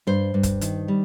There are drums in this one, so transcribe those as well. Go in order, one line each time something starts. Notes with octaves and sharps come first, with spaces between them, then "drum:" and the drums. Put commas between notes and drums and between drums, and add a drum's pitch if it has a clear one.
G2 C5
G2
drum: kick, hi-hat
D#3, drum: hi-hat
G3